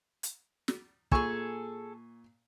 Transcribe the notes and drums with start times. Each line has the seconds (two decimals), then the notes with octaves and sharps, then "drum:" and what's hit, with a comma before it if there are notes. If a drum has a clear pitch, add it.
0.23 drum: hi-hat
0.68 drum: snare
1.12 A#2 G#4 A4 G#5 C#6, drum: kick